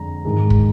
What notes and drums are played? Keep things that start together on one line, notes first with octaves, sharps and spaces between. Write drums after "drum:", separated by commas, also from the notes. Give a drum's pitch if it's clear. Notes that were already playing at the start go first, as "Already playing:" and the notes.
Already playing: F2 D3 G#3 A#5
G#2 D#3 G#3
drum: kick